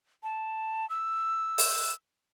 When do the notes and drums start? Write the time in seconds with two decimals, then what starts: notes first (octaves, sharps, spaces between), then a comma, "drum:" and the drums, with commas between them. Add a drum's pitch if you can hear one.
0.23 A5
0.90 E6
1.58 drum: open hi-hat